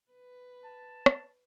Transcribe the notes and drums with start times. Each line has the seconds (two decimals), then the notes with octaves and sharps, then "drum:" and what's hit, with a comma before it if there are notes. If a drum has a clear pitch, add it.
0.11 B4
0.65 A5
1.06 drum: rim click